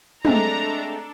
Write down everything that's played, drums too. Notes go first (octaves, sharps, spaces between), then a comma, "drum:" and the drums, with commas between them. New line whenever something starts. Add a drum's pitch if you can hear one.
G#3 A3 C4 D4 A4 A#5, drum: tom